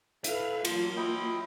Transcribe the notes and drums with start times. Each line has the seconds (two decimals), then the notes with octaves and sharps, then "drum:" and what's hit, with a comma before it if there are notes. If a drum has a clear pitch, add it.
0.24 E4 A4 B4 E5 F5, drum: hi-hat
0.65 F#3 A#3 F4 A5 C6, drum: cymbal
0.97 E4 D#5 G5